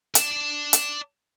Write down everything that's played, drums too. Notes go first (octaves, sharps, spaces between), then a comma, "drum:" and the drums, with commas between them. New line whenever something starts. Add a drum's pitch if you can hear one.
D5 A5, drum: hi-hat
drum: hi-hat